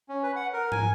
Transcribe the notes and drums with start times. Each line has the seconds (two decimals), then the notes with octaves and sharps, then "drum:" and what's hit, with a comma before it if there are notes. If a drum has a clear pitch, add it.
0.09 C#4
0.23 B4
0.36 F#5
0.53 A#4
0.72 G#5, drum: tom